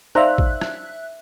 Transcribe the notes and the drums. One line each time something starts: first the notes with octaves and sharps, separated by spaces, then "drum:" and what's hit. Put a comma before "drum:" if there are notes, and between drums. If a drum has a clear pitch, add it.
D#4 C5 D5 E5 F5 A#5 E6 F#6
drum: kick
drum: rim click